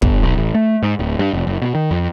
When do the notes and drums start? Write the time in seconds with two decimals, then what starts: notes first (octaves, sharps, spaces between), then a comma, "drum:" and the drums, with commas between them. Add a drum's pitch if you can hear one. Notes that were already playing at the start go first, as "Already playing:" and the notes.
0.02 G1, drum: kick
0.23 B1
0.37 A1
0.54 A3
0.83 G#2
0.99 D1
1.19 G2
1.33 F1
1.47 F#1
1.62 B2
1.75 D#3
1.91 F2